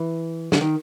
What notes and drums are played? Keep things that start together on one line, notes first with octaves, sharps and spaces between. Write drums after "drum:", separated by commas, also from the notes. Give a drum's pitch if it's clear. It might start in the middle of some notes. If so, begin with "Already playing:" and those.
Already playing: E3
D3, drum: snare
D#3